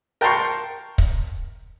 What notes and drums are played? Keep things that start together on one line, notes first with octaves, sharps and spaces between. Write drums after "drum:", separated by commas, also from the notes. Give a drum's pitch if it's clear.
A#4 G5 A5 A#5 C6 C#6
drum: kick